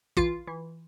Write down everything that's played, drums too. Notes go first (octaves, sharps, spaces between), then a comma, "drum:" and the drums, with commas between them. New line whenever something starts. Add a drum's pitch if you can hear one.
E3 F4, drum: kick
E3